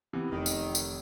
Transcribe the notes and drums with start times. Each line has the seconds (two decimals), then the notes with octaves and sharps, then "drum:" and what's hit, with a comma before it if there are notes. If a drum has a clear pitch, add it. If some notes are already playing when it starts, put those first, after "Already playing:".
0.13 C3 E3 B3
0.31 F1 D#3
0.46 drum: tambourine
0.75 drum: tambourine